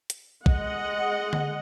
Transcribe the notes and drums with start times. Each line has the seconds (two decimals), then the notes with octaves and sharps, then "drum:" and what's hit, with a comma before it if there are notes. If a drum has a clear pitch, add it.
0.10 drum: hi-hat
0.46 G#3 D#5 F#5, drum: kick
1.33 drum: tom D3